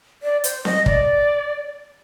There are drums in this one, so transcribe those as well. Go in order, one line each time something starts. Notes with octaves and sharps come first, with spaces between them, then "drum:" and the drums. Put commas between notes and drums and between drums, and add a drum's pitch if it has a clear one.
D5
C5, drum: hi-hat
D#5, drum: snare C4
D5, drum: kick